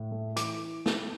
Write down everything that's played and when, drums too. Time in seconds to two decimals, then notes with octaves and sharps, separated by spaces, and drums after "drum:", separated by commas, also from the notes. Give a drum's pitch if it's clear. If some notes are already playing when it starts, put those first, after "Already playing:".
Already playing: A2
0.11 A3
0.36 E3 D6, drum: hi-hat
0.86 drum: snare